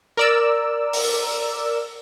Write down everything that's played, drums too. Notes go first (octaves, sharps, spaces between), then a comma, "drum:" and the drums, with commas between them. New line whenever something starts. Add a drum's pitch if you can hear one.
A#4 D5 E6
drum: open hi-hat